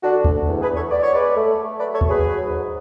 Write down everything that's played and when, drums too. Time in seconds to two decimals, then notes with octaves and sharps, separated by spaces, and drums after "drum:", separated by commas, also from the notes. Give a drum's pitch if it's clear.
0.03 D3 D4 F#4
0.25 D2, drum: kick D2
0.48 E2
0.62 G#4 B4
0.69 E2
0.76 A4 C#5
0.91 B3 D5
1.02 C#5
1.13 G#3 B4 D5
1.36 A3
1.58 A3
1.79 F#3 B4 D5
1.94 A4 C#5
2.01 F#3, drum: kick D2
2.09 G#4 B4
2.24 F#3
2.46 G#2